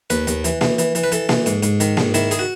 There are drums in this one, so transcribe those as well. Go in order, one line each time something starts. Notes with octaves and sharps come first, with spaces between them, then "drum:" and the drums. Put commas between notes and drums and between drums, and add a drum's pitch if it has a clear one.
D#2 B4, drum: hi-hat
D#2, drum: hi-hat
E3, drum: hi-hat
E3, drum: snare A#3
E3, drum: hi-hat
E3, drum: hi-hat
B4
E3 A4, drum: hi-hat
E3, drum: snare A#3
G#2, drum: hi-hat
G#2, drum: hi-hat
D#3, drum: hi-hat
G#2, drum: snare A#3
D#3 E4, drum: hi-hat
G#4, drum: hi-hat
F#4